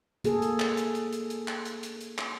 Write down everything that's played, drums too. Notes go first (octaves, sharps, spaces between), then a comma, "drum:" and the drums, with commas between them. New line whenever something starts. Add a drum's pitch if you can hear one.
A#3 G#4 A4, drum: hi-hat
drum: hi-hat
drum: clap
drum: hi-hat
drum: hi-hat
drum: hi-hat
drum: hi-hat
drum: clap
drum: hi-hat
drum: hi-hat
drum: hi-hat
drum: clap